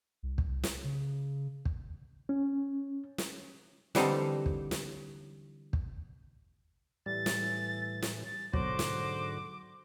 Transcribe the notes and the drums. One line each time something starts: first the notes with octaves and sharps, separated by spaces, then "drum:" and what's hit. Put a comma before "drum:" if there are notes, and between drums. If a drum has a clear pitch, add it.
C2
drum: kick
drum: snare
C#3
drum: kick
C#4
drum: snare
D3 E3 G3 C4 D#4 A4, drum: snare
drum: kick
drum: snare
drum: kick
A2 E3 G3 A6
drum: snare
drum: snare
A6
G#2 B2 D3 F#3 F#4 C5 D6, drum: kick
drum: snare